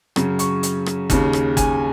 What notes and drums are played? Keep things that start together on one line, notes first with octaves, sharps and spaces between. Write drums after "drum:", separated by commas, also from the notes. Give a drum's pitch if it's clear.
F#2 C#3, drum: rim click
C#6, drum: hi-hat
drum: hi-hat
drum: rim click
D#2 C#3, drum: kick, hi-hat
drum: rim click
G#5, drum: kick, hi-hat